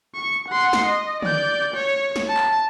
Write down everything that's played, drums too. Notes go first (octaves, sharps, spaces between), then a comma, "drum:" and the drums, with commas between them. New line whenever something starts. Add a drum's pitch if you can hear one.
C#6
F#5 C6
drum: snare
D#5
D5 G6, drum: tom
C#5
drum: snare
A5
drum: clap